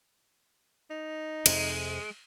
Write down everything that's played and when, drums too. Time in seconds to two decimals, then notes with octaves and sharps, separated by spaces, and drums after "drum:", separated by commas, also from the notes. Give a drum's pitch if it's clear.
0.91 D#4
1.46 F2 C3 G#3, drum: cymbal